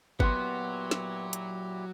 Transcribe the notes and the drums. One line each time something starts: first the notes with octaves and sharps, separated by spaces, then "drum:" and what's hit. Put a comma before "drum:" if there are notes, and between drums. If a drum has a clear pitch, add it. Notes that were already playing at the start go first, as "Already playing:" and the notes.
A#2 F#3 B3 E4 F#4 G4 C6 F#6, drum: kick
drum: snare
drum: hi-hat